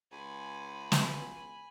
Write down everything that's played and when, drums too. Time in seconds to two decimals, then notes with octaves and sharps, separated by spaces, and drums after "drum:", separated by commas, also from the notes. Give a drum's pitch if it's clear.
0.12 C#2 G#5 B5
0.92 drum: snare